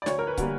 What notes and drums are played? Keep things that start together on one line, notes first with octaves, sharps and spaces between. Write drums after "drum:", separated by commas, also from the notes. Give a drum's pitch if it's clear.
D5
D2 C#5, drum: snare
A#4
B4
D3 G3 A#3, drum: kick, hi-hat